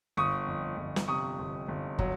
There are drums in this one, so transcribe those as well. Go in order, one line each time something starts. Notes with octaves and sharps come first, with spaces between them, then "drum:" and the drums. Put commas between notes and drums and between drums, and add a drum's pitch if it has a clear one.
G1 C#6 D#6
F2
G1
drum: snare
C3 C#6 D#6
G1
G1
F#3, drum: kick